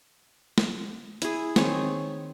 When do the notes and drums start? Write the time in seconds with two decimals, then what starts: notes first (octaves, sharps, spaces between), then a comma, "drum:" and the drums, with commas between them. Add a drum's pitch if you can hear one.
0.58 drum: snare
1.22 E4 G#4, drum: hi-hat
1.56 D#3 C4 G#4 C#5, drum: snare